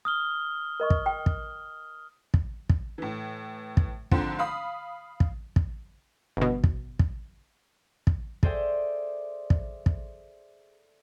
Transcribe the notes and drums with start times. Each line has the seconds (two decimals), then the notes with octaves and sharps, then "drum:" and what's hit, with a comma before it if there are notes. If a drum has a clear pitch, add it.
0.05 D#6 F6 G7
0.80 A#4 D#5 C#6
0.90 drum: kick
1.06 G5
1.26 drum: kick
2.34 drum: kick
2.69 drum: kick
2.98 A2 E3
3.77 drum: kick
4.11 G#2 D3 F3 C4, drum: kick
4.39 F5 B5 D#6
5.20 drum: kick
5.56 drum: kick
6.37 G1 B2
6.64 drum: kick
6.99 drum: kick
8.07 drum: kick
8.43 G#4 A4 C5 D5 E5 G5, drum: kick
9.50 drum: kick
9.86 drum: kick